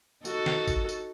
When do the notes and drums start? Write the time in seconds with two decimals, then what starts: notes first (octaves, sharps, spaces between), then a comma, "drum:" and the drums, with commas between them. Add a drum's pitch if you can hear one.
0.25 D#4 F#4 A4, drum: tambourine
0.46 drum: snare
0.67 drum: kick G#1, tambourine
0.89 drum: tambourine